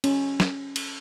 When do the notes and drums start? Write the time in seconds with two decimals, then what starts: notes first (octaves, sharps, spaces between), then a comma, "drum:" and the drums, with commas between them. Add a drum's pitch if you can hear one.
0.04 C#4, drum: cymbal
0.40 drum: snare
0.76 drum: cymbal